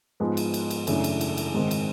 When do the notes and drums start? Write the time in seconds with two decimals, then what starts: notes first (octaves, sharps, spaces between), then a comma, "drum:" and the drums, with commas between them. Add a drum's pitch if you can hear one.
0.20 G#2 F3 G#3 B3
0.37 drum: cymbal
0.54 drum: cymbal
0.70 drum: cymbal
0.87 F#2 C#3 E3 A3 D4, drum: cymbal
1.04 drum: cymbal
1.21 drum: cymbal
1.37 drum: cymbal
1.54 G#2 D#3 G#3 C4
1.71 drum: cymbal